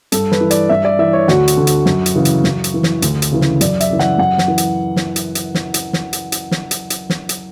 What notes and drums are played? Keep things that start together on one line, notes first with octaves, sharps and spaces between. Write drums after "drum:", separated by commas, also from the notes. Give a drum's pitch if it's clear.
G2 A4, drum: hi-hat
B4, drum: snare
E3
D5, drum: hi-hat
G2 E5
D5
E3 E5
C#5
D2 F#4, drum: snare
drum: hi-hat
D3
drum: hi-hat
F#2, drum: snare
drum: hi-hat
C#3 E3
drum: hi-hat
F#2, drum: snare
drum: hi-hat
E3
drum: snare
D2, drum: hi-hat
drum: hi-hat
C#3 E3
drum: snare
F#2 D5, drum: hi-hat
E5, drum: hi-hat
C#3 E3
F#5, drum: snare
F#2 F#5
drum: snare
E3
drum: hi-hat
drum: snare
drum: hi-hat
drum: hi-hat
drum: snare
drum: hi-hat
drum: snare
drum: hi-hat
drum: hi-hat
drum: snare
drum: hi-hat
drum: hi-hat
drum: snare
drum: hi-hat